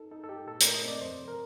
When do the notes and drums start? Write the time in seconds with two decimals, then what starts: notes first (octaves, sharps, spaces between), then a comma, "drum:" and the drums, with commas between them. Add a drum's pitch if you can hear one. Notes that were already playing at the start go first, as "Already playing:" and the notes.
Already playing: D#4 A4
0.11 D#4 A4
0.24 A4
0.29 D#4 G4
0.47 A#2 A4
0.61 A3 A#4, drum: hi-hat
0.75 D#5
0.83 C4 D5
1.00 F2 C5
1.19 C3
1.28 A#4